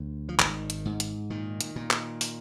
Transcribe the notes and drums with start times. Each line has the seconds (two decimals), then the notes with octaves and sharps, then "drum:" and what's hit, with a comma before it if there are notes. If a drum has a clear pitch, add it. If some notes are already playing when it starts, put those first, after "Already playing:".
Already playing: D2
0.29 F3
0.39 G#1 D#3, drum: clap
0.70 drum: hi-hat
0.85 G#2
1.00 drum: hi-hat
1.30 A#2 D#3
1.60 drum: hi-hat
1.76 A#2
1.91 drum: clap
2.21 drum: open hi-hat